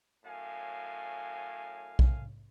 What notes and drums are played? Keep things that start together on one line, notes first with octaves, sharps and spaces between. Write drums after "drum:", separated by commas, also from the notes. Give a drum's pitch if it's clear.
F#2 A2 F5 G#5
drum: kick B1